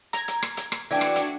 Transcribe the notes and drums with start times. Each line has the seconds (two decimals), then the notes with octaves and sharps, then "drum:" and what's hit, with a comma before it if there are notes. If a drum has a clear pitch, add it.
0.13 A#5 G#6, drum: hi-hat
0.28 drum: hi-hat
0.42 drum: rim click
0.57 drum: hi-hat
0.72 drum: rim click
0.91 E3 A3 D4 F#4 D5 G5 G#6
1.01 drum: rim click
1.16 drum: hi-hat